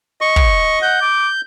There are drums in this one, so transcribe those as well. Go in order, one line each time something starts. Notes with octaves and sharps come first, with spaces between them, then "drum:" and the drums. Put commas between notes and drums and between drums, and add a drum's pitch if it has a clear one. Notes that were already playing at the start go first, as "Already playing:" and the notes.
D#5 C#6
drum: kick
F#5 G6
D6